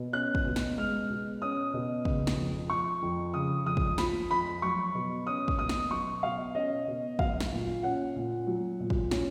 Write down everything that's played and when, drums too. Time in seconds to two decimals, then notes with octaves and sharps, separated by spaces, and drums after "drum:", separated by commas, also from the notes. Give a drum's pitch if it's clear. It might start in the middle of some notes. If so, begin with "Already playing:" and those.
Already playing: B2
0.13 C#4 F#6
0.35 drum: kick
0.45 B2
0.56 drum: snare
0.77 G#3 F6
1.10 B2
1.42 C#4 D#6
1.73 B2
2.05 C#3, drum: kick
2.27 drum: snare
2.37 F2
2.70 F3 C#6
3.02 F2
3.34 C#3 D#6
3.66 F2 D#6
3.77 drum: kick
3.98 F3 B5, drum: snare
4.31 F2 B5
4.62 F#3 C#6
4.94 B2
5.27 C#4 D#6
5.48 drum: kick
5.59 B2 D#6
5.69 drum: snare
5.91 F#3 C#6
6.23 B2 F5
6.55 C#4 D#5
6.87 B2
7.19 F#3 F5, drum: kick
7.40 drum: snare
7.51 A#2
7.83 C#4 F#5
8.16 A#2
8.47 F#3
8.80 A#2
8.90 drum: kick
9.11 C#4, drum: snare